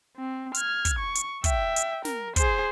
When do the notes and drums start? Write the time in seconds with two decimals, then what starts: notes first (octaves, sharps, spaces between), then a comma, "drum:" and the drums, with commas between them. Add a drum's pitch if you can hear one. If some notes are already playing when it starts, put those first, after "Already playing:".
0.17 C4
0.54 F6 G#6, drum: hi-hat
0.85 drum: kick, hi-hat
0.98 C#6
1.15 drum: hi-hat
1.44 E5 G5, drum: kick, hi-hat
1.76 drum: hi-hat
2.05 A#4, drum: snare
2.36 G#4 C5, drum: kick, hi-hat